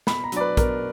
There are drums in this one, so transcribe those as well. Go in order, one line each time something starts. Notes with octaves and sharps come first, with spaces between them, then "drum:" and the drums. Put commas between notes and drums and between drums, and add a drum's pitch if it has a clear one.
B2 B5, drum: snare
A#5
F#3 D4 D5, drum: hi-hat
B4
B2 A#4, drum: kick, hi-hat